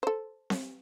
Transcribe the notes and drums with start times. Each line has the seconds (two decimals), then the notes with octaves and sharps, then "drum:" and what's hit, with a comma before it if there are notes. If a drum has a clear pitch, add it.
0.03 A4 C5
0.50 drum: snare C4